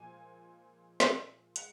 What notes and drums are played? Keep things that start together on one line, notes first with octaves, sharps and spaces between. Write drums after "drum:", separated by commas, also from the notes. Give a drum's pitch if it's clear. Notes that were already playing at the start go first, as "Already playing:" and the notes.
Already playing: A#2 F3 G#3 G#5
drum: snare
G#3 F#5, drum: hi-hat